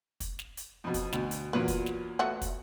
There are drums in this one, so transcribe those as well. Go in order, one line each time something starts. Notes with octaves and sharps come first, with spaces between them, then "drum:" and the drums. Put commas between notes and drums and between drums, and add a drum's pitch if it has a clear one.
drum: kick, hi-hat
drum: snare
drum: hi-hat
F2 B2
drum: kick, hi-hat
D2 B2, drum: snare
drum: hi-hat
E2 A#2 F#3 B4
drum: kick, hi-hat
drum: snare
A3 B3 F#4
drum: kick, hi-hat